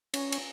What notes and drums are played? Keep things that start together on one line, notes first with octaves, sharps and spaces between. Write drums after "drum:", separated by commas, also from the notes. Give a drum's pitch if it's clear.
C#4, drum: cymbal
drum: cymbal